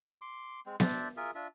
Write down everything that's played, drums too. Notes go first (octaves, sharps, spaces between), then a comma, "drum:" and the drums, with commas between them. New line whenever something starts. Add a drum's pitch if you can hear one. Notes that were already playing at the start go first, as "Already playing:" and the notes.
C6 D6
G#3 C4
D4 C5 D5 E5, drum: snare B3
F4 G#4 A#4 E5
D4 F4 E5